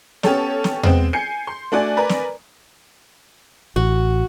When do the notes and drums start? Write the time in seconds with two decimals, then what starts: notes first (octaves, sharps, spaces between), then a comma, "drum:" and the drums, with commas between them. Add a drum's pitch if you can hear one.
0.23 B3 C#4 G4 A4 C#5, drum: snare
0.64 drum: snare
0.83 G#3 B3 C4, drum: tom E2
1.13 G#5 G6 C7 C#7
1.47 C6
1.72 A3 D4 F#4 D5 G#5
1.97 A#4 B4 D5 G#5 A#5
2.09 drum: snare
3.76 A1 F#4